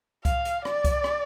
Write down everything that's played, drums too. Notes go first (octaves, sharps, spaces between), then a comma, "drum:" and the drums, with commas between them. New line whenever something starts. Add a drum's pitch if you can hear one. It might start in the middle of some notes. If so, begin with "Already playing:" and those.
F5, drum: kick C2, hi-hat
drum: hi-hat
D5, drum: rim click
drum: kick C2, hi-hat
drum: rim click